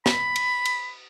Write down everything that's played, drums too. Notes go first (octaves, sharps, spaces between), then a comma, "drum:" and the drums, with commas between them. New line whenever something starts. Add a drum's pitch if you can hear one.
B5, drum: snare
drum: cymbal
drum: cymbal